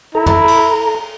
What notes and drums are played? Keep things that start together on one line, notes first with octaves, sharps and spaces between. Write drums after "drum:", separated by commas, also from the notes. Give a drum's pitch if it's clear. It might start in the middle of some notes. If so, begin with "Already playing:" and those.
E4 A4 A#5
drum: tom
drum: cymbal